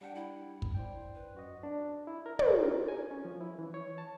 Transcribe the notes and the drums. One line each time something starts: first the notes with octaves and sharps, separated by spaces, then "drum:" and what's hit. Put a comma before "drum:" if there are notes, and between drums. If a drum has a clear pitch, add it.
G3 D4 F#5 G5
E4
drum: kick
C5 D5 G5
B4
F#2 F#4 D#5
D4
E4
A#4
G5, drum: tom
A#4
G#5
C#4
F3
E4
E3
C#5
A5